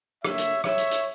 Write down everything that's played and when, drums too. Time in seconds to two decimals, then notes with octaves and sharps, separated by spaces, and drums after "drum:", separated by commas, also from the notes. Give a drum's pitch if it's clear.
0.25 D3 A#3 D4 C#5 E5, drum: rim click
0.38 drum: hi-hat
0.64 C#5 E5, drum: rim click
0.78 drum: hi-hat
0.91 drum: hi-hat